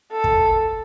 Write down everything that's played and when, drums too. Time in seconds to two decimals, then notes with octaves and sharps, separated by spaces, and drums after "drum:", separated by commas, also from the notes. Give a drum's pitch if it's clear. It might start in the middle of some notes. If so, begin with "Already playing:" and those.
0.12 A4
0.24 drum: kick